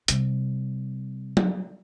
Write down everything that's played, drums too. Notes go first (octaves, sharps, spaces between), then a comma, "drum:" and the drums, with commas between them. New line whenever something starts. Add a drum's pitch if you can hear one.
C3 G3, drum: hi-hat
drum: tom F#3